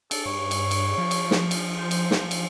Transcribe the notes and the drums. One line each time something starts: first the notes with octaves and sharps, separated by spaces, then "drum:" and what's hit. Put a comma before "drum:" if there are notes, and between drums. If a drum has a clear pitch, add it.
A4, drum: cymbal
G2 C#5
drum: cymbal
drum: cymbal
F3
drum: cymbal
drum: snare
drum: cymbal
C5
drum: cymbal
drum: snare
drum: cymbal